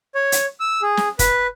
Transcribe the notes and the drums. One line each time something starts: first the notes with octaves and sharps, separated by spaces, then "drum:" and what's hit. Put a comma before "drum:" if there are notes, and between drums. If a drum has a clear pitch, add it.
C#5
drum: hi-hat
E6
G#4
drum: snare
B4, drum: kick, hi-hat